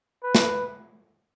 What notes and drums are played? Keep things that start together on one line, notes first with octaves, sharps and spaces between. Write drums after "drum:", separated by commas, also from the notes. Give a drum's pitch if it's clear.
B4
drum: snare